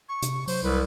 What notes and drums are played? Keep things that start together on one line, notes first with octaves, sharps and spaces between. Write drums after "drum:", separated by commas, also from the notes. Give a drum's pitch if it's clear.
C#6
C3, drum: hi-hat
F#3 C5, drum: open hi-hat
C2 B4